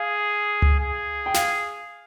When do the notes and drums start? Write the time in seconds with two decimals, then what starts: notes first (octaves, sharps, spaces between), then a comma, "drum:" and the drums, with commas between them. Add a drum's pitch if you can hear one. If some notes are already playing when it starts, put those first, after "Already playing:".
Already playing: G#4 F5
0.62 drum: tom C#2
0.80 G#4
1.26 G5
1.34 F5, drum: snare